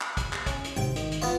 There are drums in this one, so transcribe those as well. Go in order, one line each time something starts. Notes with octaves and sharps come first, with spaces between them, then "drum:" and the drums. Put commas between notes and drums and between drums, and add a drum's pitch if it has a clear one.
drum: clap
drum: kick, hi-hat
drum: clap
C#4, drum: kick, hi-hat
drum: hi-hat
G#1 C3 G5
D#3, drum: hi-hat
drum: hi-hat
B3 F4